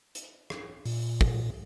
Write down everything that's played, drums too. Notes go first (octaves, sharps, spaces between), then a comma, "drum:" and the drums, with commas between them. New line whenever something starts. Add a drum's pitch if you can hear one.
drum: hi-hat
drum: rim click
A#2, drum: open hi-hat
drum: kick